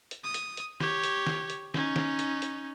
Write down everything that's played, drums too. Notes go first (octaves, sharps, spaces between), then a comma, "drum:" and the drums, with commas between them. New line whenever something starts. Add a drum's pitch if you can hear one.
drum: hi-hat
D#6
drum: hi-hat
drum: hi-hat
G4 C#5, drum: snare
drum: hi-hat
drum: snare
drum: hi-hat
C#4 D#4, drum: snare
drum: snare
drum: hi-hat
drum: hi-hat